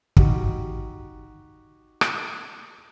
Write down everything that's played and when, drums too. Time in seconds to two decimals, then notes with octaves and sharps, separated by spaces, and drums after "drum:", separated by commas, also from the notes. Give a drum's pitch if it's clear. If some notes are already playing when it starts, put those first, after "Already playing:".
0.17 D#4 F#4 G4, drum: kick
2.01 drum: rim click